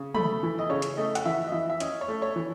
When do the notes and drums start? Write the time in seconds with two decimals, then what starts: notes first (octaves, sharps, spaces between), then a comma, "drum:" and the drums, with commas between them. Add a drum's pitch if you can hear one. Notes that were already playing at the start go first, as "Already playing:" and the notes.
Already playing: C#3
0.14 A3 B5, drum: tom
0.43 E3
0.58 D#5
0.70 C#3 C#5
0.82 drum: hi-hat
0.97 A3 D#5
1.15 F#5, drum: hi-hat
1.25 E3 E5
1.47 D#5
1.52 E3 E5
1.70 E5
1.80 C#4 D#5, drum: hi-hat
2.01 C#5
2.08 A3
2.22 C#5
2.36 E3